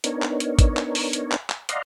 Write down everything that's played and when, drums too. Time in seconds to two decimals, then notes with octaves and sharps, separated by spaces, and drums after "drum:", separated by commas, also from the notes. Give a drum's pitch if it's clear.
0.04 B3 D4 D#4 A#4 C#5, drum: hi-hat
0.22 drum: clap
0.40 drum: hi-hat
0.59 drum: kick, hi-hat
0.77 drum: clap
0.95 drum: open hi-hat
1.13 drum: hi-hat
1.31 drum: clap
1.50 drum: clap
1.69 D5 D#5 F5 F#5 A#5 C6, drum: hi-hat